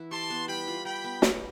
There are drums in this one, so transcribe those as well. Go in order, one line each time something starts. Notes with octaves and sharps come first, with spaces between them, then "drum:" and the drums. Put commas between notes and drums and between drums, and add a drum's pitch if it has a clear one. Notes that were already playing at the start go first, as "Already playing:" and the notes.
Already playing: E3 B3 E4
G4 A5 C6
B3
G3 G5 B5
F4
G3 G5 B5
B3
G3, drum: snare